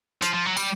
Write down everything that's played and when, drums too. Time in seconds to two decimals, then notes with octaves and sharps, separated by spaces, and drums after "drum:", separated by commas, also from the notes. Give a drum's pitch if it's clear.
0.22 F3, drum: hi-hat
0.34 F3
0.46 F#3
0.57 G3, drum: tambourine